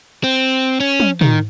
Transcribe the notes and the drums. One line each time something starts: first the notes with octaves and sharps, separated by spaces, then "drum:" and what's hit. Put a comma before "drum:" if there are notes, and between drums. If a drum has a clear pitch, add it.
C4
C#4
drum: tom
D#3, drum: tom